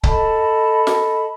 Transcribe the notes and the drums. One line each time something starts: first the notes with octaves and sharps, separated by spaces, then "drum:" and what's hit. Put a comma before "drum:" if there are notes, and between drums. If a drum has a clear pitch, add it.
A4 D#5 A5 B5, drum: kick C#1
drum: snare